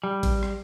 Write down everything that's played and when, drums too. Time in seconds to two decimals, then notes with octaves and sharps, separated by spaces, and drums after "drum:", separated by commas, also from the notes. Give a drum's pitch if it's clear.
0.04 G3
0.23 drum: kick A1, cymbal
0.43 drum: rim click